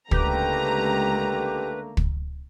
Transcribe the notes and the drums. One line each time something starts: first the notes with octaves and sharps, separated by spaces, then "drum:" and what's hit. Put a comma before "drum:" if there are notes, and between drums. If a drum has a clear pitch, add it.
C#2 D3 A3 A#3 G4 B4 A#5, drum: kick
drum: kick